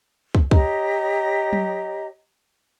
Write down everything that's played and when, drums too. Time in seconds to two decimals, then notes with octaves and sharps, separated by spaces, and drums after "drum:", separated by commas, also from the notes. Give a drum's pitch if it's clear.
0.35 drum: kick
0.51 G4 C#5 D#5 A#5, drum: kick
1.53 drum: tom F#3